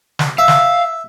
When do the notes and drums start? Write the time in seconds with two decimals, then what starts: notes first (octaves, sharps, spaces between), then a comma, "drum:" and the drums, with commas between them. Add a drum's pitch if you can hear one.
0.19 drum: snare
0.38 E5 F5
0.48 drum: snare